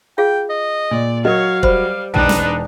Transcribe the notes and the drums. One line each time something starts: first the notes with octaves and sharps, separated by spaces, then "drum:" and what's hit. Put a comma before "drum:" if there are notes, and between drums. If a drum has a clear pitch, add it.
F4 G#4 F5 G5
D#5
A#2 D5
F#3 A#4 C#5 D#5 F5
G3 C5 B5, drum: kick
E1 D4 D#4 B4 G5 A5, drum: tom
drum: snare